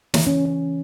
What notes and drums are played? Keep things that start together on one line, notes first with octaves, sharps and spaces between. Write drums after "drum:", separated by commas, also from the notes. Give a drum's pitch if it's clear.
E3, drum: snare
C#4
C#4